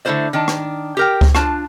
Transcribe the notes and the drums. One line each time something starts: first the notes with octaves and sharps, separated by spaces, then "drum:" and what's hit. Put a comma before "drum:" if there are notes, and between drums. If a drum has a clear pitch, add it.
D3 A3 E4 F4 C5 D5
D#3 D4 A5
drum: rim click
G4 A#4 G5
drum: kick C#2
D4 F4 A5, drum: rim click